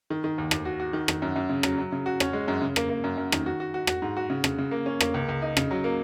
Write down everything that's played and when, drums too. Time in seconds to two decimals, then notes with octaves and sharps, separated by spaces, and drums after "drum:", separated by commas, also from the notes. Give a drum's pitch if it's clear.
0.10 D#3
0.24 D#3
0.38 D#2
0.51 D#2, drum: rim click
0.65 F#4
0.80 F#4
0.93 D#3
1.08 D#3, drum: rim click
1.22 F#2
1.36 F#2
1.49 C#3
1.63 F#3, drum: rim click
1.78 F#3
1.92 C#3
2.06 F#4
2.20 C#4, drum: rim click
2.33 G#3
2.48 F#2
2.62 C#3
2.76 A#3, drum: rim click
2.89 A#3
3.04 F#2
3.18 F#2
3.32 D#3, drum: rim click
3.46 F#4
3.60 F#4
3.74 F#4
3.87 F#4, drum: rim click
4.02 G#2
4.17 F#4
4.30 C#3
4.44 C#3, drum: rim click
4.59 C#3
4.71 A#3
4.86 C#4
5.01 A#3, drum: rim click
5.14 C#2
5.29 C#2
5.42 D#4
5.57 C#3, drum: rim click
5.71 F#3
5.84 A#3